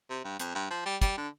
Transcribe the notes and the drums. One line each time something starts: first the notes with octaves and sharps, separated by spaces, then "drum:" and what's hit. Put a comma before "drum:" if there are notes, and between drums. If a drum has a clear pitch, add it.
C3
G2
F2, drum: hi-hat
G2
F3
G3
G3, drum: kick, hi-hat
D3